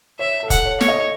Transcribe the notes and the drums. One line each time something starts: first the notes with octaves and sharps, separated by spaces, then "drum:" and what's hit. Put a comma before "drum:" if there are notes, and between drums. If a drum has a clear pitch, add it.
C#5 E5
A4
F#5, drum: kick, hi-hat
C#5
C#5, drum: snare
D#5